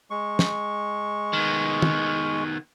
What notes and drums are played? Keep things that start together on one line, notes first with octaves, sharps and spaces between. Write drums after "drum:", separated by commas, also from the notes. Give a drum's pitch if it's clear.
G#3 C#6
drum: snare
D#3 B3
drum: tom